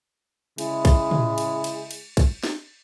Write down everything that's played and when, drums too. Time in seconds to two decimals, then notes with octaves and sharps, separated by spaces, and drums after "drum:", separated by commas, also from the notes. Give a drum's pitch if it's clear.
0.58 C#3 G#3 E4, drum: cymbal
0.85 drum: kick, cymbal
1.11 drum: tom
1.38 drum: cymbal
1.64 drum: cymbal
1.91 drum: cymbal
2.17 drum: kick, cymbal
2.44 drum: snare